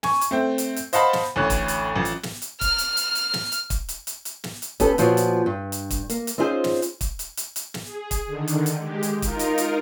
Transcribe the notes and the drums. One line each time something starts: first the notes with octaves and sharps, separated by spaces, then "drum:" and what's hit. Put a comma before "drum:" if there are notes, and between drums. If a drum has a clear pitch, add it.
G#5 C#6, drum: snare
drum: hi-hat
A3 C4 G5
drum: hi-hat
drum: hi-hat
C5 D#5 F5 F#5 A5 B5, drum: hi-hat
drum: snare
A1 D2 A2 C#5 F#6
drum: kick, hi-hat
drum: hi-hat
A1 F3
drum: hi-hat
drum: snare
drum: hi-hat
F6, drum: kick, hi-hat
drum: hi-hat
drum: hi-hat
drum: hi-hat
drum: snare
drum: hi-hat
drum: kick, hi-hat
drum: hi-hat
drum: hi-hat
drum: hi-hat
drum: snare
drum: hi-hat
B3 C#4 G4 A4, drum: kick, hi-hat
A#2 F3 B3 F#4 C#5, drum: hi-hat
drum: hi-hat
G2
drum: hi-hat
drum: kick, hi-hat
A#3, drum: hi-hat
drum: hi-hat
C4 C#4 D#4 F4 G#4 C5
drum: snare
drum: hi-hat
drum: kick, hi-hat
drum: hi-hat
drum: hi-hat
drum: hi-hat
drum: snare
G#4
drum: kick, hi-hat
D3 D#3
drum: hi-hat
drum: hi-hat
G#3 G4
drum: hi-hat
D#4 F4 A#4, drum: kick, hi-hat
drum: hi-hat
drum: hi-hat